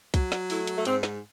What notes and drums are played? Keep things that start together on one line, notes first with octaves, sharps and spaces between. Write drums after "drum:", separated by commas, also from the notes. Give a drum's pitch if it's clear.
F#3, drum: kick C2, hi-hat
drum: snare
A3 E4, drum: open hi-hat
drum: hi-hat
A3
G#2 C4, drum: hi-hat
drum: snare